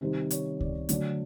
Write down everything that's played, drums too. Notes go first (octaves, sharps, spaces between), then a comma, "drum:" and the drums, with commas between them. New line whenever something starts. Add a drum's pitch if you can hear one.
C3 D#3 G3 C5
C#5, drum: hi-hat
D5, drum: kick C#2
D3 F#3 A3 D5, drum: hi-hat